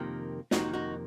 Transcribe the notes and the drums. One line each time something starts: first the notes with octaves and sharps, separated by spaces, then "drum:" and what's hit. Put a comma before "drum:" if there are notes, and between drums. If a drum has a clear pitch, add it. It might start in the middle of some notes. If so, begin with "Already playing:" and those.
Already playing: F2 C3 D#3 A#3
F2 C3 D#3 A#3 D#4 F#4, drum: snare
D#4 F#4